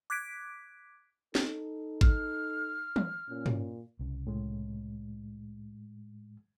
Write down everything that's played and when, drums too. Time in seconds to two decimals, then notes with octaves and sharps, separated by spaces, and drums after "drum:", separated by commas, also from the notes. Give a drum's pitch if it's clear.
0.10 D6 F#6 G#6 B6 D7
1.35 D#4 A4, drum: snare
2.01 F6, drum: kick
2.96 drum: tom
3.29 A#2 C#4
3.46 drum: tom
3.99 C2 C#3
4.27 A2 G#3